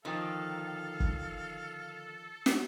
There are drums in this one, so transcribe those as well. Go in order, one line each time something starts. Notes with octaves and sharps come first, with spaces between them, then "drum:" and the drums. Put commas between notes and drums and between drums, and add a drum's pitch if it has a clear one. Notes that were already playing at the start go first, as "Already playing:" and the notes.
D3 D#3 F3 A4 F5 G5
drum: kick
drum: snare